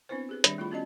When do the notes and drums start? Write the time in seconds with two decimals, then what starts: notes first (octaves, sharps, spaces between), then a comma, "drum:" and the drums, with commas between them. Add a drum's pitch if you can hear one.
0.09 B3 C4 D4 E4 B4 C5
0.29 G4 G#4 B4
0.44 D#3 G3 D4 G4 C#5 D5, drum: hi-hat
0.58 A3 E4 F4 G#4 B5
0.71 B3 C#4 F#4 D5 D#5 A5